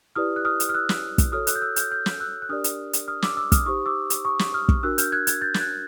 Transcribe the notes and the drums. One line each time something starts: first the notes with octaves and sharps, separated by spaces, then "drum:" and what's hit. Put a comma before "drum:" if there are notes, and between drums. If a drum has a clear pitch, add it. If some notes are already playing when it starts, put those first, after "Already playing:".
E4 G4 B4 D5 D#6 F6
F#6
D#6 F6
drum: hi-hat
F6
E6 F#6
drum: snare
drum: kick, hi-hat
F#4 A4 C#5 D#6 F6
E6 F#6, drum: hi-hat
G6
E6 F#6
F6 G6, drum: hi-hat
F6 G6
drum: snare
E6 F#6
F#6
D4 G4 A#4 D5 D#6 F6
drum: hi-hat
drum: hi-hat
D#6 F6
D6 E6, drum: snare
D6 E6
D#6 F6, drum: kick, hi-hat
D#4 G4 C5 C#6 D#6
D6 E6
drum: hi-hat
C#6 D#6
drum: snare
D#6 F6
drum: kick
D4 F#4 A#4 E6 F#6
F6 G6, drum: hi-hat
F#6 G#6
F#6 G#6, drum: hi-hat
G6 A6
A6, drum: snare
F#6 G#6